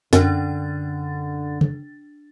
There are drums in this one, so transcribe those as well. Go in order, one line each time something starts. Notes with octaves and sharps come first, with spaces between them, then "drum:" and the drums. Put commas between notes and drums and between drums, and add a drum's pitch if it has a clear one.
F#2 D3 D4 A6, drum: snare
drum: tom C#3